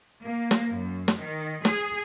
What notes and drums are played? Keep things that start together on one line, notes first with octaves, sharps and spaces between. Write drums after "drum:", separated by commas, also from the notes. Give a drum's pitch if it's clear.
A#3
drum: snare
F#2
drum: snare
D#3
G#4, drum: snare